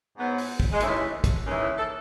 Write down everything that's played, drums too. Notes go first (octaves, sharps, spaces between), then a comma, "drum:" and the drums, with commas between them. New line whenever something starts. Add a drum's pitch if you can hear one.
G#2 F#3 B3
drum: open hi-hat
drum: kick
G#3
D#2 C#3 E3 A3, drum: hi-hat
drum: kick, hi-hat
D#2 C#3 E3 C#4
E4
A4